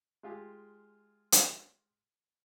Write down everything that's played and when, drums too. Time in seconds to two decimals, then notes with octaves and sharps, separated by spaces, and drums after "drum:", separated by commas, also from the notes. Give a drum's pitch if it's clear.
0.23 G#3 F4 G4 G#4
1.32 drum: hi-hat